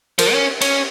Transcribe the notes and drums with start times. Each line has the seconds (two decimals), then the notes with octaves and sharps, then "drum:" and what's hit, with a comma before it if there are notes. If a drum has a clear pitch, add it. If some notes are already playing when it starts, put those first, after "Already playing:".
0.19 F3 A#4, drum: cymbal
0.33 C#4
0.61 C#4, drum: cymbal